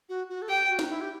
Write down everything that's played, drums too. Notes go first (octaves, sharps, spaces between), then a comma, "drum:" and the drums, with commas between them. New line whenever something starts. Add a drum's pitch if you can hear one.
F#4
F#4
A4
G4 G5
F#4
drum: snare
E4
G4